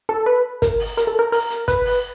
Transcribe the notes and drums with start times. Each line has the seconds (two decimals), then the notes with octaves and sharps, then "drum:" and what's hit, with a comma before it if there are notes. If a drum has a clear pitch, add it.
0.09 A4
0.26 B4
0.62 A#4, drum: kick, hi-hat
0.80 drum: open hi-hat
0.97 A#4, drum: hi-hat
1.07 A4
1.19 A#4
1.32 A#4, drum: open hi-hat
1.50 drum: hi-hat
1.68 B4, drum: kick, hi-hat
1.85 drum: open hi-hat